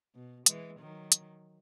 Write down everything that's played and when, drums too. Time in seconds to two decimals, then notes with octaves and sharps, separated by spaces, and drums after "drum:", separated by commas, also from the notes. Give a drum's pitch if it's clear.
0.15 B2
0.46 E3 G#3, drum: hi-hat
0.79 D#3 F#3
1.12 drum: hi-hat